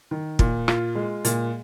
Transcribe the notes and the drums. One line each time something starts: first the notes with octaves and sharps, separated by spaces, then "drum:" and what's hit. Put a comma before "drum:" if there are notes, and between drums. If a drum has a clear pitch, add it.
D#3
A#2, drum: kick
F4, drum: rim click
G#3
A#2, drum: hi-hat